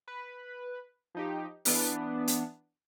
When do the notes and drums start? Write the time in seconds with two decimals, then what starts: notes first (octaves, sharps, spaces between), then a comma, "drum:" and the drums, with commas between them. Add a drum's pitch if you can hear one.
0.08 B4
1.15 F3 D#4 G4
1.65 E3 B3 D4, drum: open hi-hat
2.28 drum: hi-hat